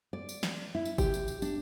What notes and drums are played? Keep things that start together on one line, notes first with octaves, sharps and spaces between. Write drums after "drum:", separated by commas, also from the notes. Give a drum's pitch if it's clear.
D5
drum: tambourine
drum: snare
E4
drum: tambourine
G4, drum: kick G1, tambourine
drum: tambourine
drum: tambourine
D4, drum: tambourine